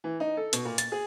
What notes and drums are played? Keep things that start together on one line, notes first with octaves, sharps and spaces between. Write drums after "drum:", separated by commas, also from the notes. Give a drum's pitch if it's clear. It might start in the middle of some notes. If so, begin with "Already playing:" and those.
E3
D#4
A4
B2, drum: hi-hat
A#2
A6, drum: hi-hat
G#4